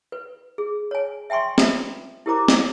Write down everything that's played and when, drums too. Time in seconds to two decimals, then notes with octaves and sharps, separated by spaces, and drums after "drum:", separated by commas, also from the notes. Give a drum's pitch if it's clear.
0.12 B4
0.58 G#4
0.91 C#5 G#5
1.30 E5 G5 G#5 C6 C#6
1.58 F4 B4 E5, drum: snare
2.26 E4 G4 A#4 C5 A#5 D6
2.48 drum: snare